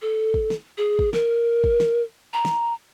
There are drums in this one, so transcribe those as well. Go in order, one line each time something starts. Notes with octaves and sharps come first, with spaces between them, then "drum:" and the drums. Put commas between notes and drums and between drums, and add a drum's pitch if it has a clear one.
A4
drum: kick
drum: snare
G#4
drum: kick
A#4, drum: snare
drum: kick
drum: snare
A#5
drum: snare